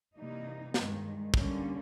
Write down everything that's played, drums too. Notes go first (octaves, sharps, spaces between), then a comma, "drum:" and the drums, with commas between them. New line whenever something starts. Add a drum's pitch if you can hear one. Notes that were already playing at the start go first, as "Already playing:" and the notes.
C3 E3 G3 A#3 D#4
G2 D#3 G#3, drum: snare
D3 G3 A#3 C#4, drum: kick